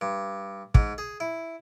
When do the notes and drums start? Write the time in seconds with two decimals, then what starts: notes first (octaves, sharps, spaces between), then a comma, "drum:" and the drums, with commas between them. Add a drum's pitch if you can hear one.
0.01 G2
0.75 G#2, drum: kick
0.98 G#4
1.20 E4